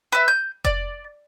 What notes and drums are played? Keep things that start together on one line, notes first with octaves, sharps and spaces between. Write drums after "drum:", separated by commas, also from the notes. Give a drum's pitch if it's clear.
B4 E5
G6
D5, drum: kick F1